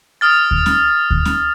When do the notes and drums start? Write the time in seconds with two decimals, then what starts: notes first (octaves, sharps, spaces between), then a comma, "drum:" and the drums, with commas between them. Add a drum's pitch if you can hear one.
0.21 D#6 F6 A6
0.51 drum: kick D2
0.66 drum: snare C#4
1.10 drum: kick D2
1.25 drum: snare C#4